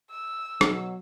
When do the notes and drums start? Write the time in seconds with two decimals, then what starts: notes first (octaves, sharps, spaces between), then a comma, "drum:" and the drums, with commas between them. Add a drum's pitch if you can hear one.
0.10 E6
0.61 B2 F#3, drum: rim click